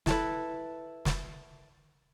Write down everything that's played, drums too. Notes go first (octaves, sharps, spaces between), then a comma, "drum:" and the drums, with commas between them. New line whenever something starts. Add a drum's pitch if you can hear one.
E4 A4 B4, drum: snare
drum: snare